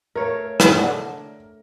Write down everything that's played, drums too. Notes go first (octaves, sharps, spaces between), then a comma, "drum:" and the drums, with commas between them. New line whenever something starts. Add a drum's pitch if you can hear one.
A3 A#4 C#5 F5
drum: rim click
D3 D4 F#5